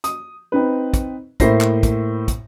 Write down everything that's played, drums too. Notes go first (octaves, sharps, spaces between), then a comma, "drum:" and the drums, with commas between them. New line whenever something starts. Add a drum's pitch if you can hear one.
D#6, drum: hi-hat
C4 D#4 B4
drum: kick, hi-hat
A2 A#3 E4 C5 A#6 C7, drum: kick, hi-hat
drum: clap
drum: kick, hi-hat
drum: kick, hi-hat